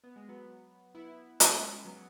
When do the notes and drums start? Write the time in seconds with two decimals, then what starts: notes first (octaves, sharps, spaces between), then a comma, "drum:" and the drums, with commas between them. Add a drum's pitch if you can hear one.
0.04 B3
0.16 G#3
0.29 F#3 B3
0.95 B3 E4
1.40 G#3 C#4, drum: hi-hat
1.85 F#3 B3